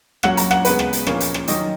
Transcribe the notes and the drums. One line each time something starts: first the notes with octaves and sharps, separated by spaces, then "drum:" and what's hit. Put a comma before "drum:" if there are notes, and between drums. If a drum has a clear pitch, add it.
A#2 F#3 C#4 F#5, drum: rim click
A#5, drum: hi-hat
F#5, drum: rim click
C#3 G#3 B3 B4, drum: hi-hat
drum: rim click
drum: hi-hat
A#2 F3 A#3 C#4, drum: rim click
drum: hi-hat
drum: rim click
D#3 F#3 C#4 D#5, drum: hi-hat